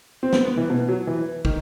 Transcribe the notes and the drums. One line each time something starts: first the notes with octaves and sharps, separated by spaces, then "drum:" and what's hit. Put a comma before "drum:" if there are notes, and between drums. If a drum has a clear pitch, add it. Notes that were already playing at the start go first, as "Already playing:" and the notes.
C4
B3, drum: snare
B3
E3
B2
F#3
E3
D#3, drum: kick